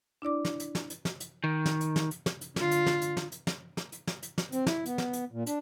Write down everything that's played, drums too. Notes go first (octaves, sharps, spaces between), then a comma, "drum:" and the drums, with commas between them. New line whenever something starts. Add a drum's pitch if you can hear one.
D4 E4 D5 D6
drum: snare
drum: hi-hat
drum: snare
drum: hi-hat
drum: snare
drum: hi-hat
D#3
drum: snare
drum: hi-hat
drum: snare
drum: hi-hat
drum: snare
drum: hi-hat
D3 F4, drum: snare
drum: hi-hat
drum: snare
drum: hi-hat
drum: snare
drum: hi-hat
drum: snare
drum: snare
drum: hi-hat
drum: snare
drum: hi-hat
drum: snare
C4, drum: hi-hat
E4, drum: snare
B3, drum: hi-hat
drum: snare
drum: hi-hat
A#2
D4, drum: hi-hat